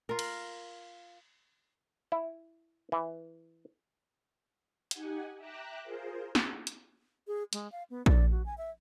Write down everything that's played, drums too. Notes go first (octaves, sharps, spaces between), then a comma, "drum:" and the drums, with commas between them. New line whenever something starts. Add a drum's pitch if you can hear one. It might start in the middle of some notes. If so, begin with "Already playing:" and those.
F4 A#4
drum: cymbal
E4
E3
D#4 G4 F#5 G#5, drum: hi-hat
E5 G5 A#5 D6 E6 F#6
F4 G#4 A#4 C5
drum: snare
drum: hi-hat
G#4
G#3, drum: hi-hat
F5
B3
D5, drum: kick A#1
F#4
G#5
E5